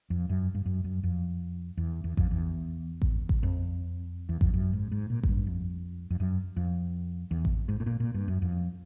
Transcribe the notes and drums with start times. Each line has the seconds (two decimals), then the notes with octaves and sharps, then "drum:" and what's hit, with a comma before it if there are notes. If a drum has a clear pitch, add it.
0.10 F2
0.29 F#2
0.55 G2
0.66 F#2
0.84 F#2
1.03 F2
1.77 E2
2.04 E2
2.17 F2, drum: kick A1
2.31 E2
3.02 drum: kick A1
3.29 drum: kick A1
3.43 F2
4.29 E2
4.41 F2, drum: kick A1
4.54 F#2
4.73 G#2
4.91 G#2
5.10 A#2
5.23 G#2, drum: kick A1
5.28 G2
5.47 F2
6.10 F2
6.20 F#2
6.57 F2
7.31 E2
7.45 drum: kick A1
7.69 G#2
7.80 A2
7.86 A#2
8.00 A#2
8.14 G2
8.28 F#2
8.42 F2